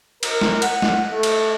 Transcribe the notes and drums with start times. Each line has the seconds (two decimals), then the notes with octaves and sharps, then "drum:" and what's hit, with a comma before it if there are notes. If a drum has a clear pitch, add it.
0.23 A#4, drum: cymbal
0.41 drum: snare
0.62 F#5, drum: cymbal
0.82 drum: snare
1.11 A3
1.23 drum: cymbal